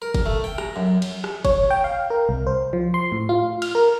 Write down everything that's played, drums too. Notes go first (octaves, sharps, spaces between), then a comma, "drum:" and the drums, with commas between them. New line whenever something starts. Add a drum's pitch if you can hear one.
A#4
drum: kick, cymbal
A3
G5
A#5, drum: rim click
F#2
drum: cymbal
drum: rim click
C#5, drum: kick, cymbal
G5
F5
A#4
C2
C5
F3
C6
A2
F4
F6, drum: cymbal
A#4